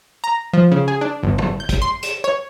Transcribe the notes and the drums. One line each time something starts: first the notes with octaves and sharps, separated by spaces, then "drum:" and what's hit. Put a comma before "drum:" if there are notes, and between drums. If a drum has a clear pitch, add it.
A#5
F3
C#3
G#4
D4
G1
drum: tom
G6
drum: kick, hi-hat
C6
E7, drum: hi-hat
C#5